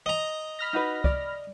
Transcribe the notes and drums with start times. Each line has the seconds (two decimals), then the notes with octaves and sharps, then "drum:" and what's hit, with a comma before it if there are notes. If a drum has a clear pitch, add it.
0.06 D#5 A#5
0.59 B5 F6 A#6
0.73 D#4 F#4 B4
1.04 D5, drum: kick C2